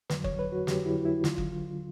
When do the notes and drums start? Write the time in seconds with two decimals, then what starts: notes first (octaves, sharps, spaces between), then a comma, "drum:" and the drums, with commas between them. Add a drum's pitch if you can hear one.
0.10 F2 D3 F#3 B4, drum: snare
0.24 C#5, drum: kick F#1
0.39 B4
0.52 F#4
0.67 F2 D3 F#3 G4, drum: snare
0.86 E4
1.05 E4
1.24 D#2 D3 F#3 F4, drum: snare
1.38 drum: kick F#1